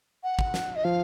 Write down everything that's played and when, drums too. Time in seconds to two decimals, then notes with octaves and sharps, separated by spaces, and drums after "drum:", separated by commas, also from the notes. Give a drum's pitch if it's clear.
0.24 F#5
0.39 drum: kick
0.54 drum: snare
0.76 D#5
0.84 F3 F5